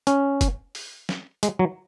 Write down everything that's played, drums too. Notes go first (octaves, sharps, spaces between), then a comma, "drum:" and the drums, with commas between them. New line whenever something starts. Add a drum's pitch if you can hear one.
C#4, drum: hi-hat
drum: kick, hi-hat
drum: open hi-hat
drum: snare
G#3, drum: hi-hat
F#3